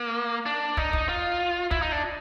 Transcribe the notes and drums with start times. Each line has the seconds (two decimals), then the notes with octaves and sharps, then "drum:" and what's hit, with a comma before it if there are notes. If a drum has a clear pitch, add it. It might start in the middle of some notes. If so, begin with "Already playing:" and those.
Already playing: A#3
0.46 D4
0.77 D#4, drum: kick
0.93 drum: kick
1.09 F4
1.71 E4, drum: kick
1.82 D#4
1.92 D4